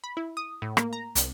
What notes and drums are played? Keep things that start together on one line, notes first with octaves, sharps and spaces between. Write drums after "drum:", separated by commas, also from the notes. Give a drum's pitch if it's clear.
B5
E4
D#6
A2
A#3, drum: rim click
A#5
C2, drum: hi-hat